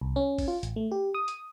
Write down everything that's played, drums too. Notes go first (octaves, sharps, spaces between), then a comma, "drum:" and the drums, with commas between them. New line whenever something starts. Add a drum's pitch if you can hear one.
C2
C#4
drum: kick, open hi-hat
F4
A1, drum: hi-hat
A3
G4
D#6
drum: hi-hat